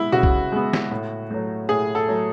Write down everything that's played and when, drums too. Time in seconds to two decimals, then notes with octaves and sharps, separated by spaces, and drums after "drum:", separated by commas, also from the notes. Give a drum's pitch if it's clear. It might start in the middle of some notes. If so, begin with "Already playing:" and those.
Already playing: G#3 B3 E4
0.12 C#3 F#4
0.23 drum: kick B1
0.52 G#3 B3
0.73 drum: snare
0.91 A2
1.31 F#3 A3
1.69 A2 G#4
1.95 A4
2.08 F#3 A3